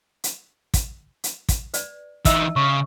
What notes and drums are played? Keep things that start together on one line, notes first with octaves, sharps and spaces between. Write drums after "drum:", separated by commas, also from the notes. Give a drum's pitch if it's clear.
drum: hi-hat
drum: kick, hi-hat
drum: hi-hat
drum: kick, hi-hat
B4 D5, drum: hi-hat
E3 D#4 D#5 E5 E6, drum: kick, hi-hat
C#3 C#6